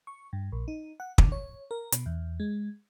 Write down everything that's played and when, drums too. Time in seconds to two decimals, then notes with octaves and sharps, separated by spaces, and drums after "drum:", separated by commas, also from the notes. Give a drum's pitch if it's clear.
0.07 C#6
0.33 G2
0.52 A#1
0.68 D#4
1.00 F#5
1.18 D3, drum: kick
1.32 C#5
1.71 A#4
1.92 B2, drum: hi-hat
2.06 E2
2.40 G#3